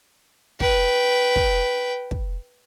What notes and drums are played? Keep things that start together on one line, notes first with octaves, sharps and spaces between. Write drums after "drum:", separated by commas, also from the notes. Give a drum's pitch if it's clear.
B4 G5, drum: kick
drum: kick
drum: kick